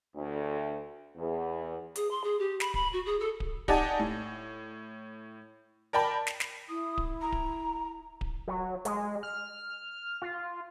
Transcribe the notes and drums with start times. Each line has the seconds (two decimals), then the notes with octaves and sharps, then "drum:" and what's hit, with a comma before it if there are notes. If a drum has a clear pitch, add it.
0.15 D2
1.17 E2
1.96 G#4, drum: hi-hat
2.10 C6
2.23 G#4
2.39 G4
2.60 B5, drum: snare
2.74 B5, drum: kick D1
2.92 F#4
3.05 G#4
3.19 A4
3.40 drum: kick D1
3.68 D#4 G4 D5 F#5 G#5 A5, drum: kick D1
3.99 A2
5.93 A#4 D5 G5 A5 B5
6.27 drum: snare
6.40 drum: snare
6.69 E4 D#6
6.98 drum: kick D1
7.21 A#5
7.32 drum: kick D1
8.21 drum: kick D1
8.48 F#3
8.85 G#3, drum: hi-hat
9.23 F6
10.22 F4